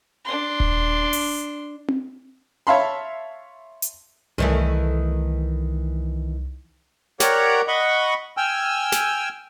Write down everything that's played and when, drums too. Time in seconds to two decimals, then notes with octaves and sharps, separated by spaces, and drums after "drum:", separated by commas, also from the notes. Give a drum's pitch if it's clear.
0.25 D4 C6
0.60 drum: kick D#1
1.13 drum: open hi-hat
1.88 drum: tom C4
2.67 C#5 E5 F5 A5 B5 C6
3.82 drum: hi-hat
4.38 C2 D#3 E3 A3
7.20 G4 A#4 C#5 D5 F#5 A#5, drum: snare
7.68 D#5 F#5 B5 C#6
8.37 G5 G#5 E6 F6
8.92 drum: snare